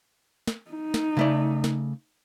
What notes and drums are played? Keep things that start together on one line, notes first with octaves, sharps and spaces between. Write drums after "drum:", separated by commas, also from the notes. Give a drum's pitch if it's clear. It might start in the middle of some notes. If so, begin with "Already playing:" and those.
drum: snare
D#4
drum: snare
C#3 A3 D5
drum: snare